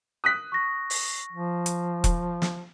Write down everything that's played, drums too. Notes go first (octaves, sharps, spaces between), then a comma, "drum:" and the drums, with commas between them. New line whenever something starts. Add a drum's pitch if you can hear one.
D#6 F#6 B6
C#6 A#6
drum: open hi-hat
F3
drum: hi-hat
drum: kick E1, hi-hat
drum: snare